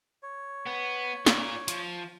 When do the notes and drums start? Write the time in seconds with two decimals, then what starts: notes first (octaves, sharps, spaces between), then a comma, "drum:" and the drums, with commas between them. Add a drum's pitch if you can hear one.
0.23 C#5
0.66 B3
1.26 F4 D5, drum: snare
1.68 F3, drum: hi-hat